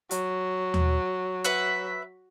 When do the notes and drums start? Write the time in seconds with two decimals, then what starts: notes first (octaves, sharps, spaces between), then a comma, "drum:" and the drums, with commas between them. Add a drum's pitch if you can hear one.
0.11 F#3, drum: hi-hat
0.74 drum: tom D#2
1.45 B4 E5 F#5